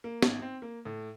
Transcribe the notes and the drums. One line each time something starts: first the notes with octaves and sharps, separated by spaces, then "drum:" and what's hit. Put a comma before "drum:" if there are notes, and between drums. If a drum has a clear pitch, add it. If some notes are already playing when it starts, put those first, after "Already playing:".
A#3
G#1, drum: snare
C4
A#3
A2